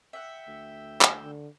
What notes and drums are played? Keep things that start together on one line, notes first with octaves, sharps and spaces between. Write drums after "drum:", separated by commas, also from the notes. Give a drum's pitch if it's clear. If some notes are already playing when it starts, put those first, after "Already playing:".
E5 F#5 G5 E6
D2
drum: clap
D3